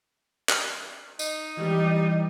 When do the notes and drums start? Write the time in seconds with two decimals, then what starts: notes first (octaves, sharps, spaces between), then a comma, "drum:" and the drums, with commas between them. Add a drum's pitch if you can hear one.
0.49 drum: clap
1.19 D#4, drum: tambourine
1.58 E3 G3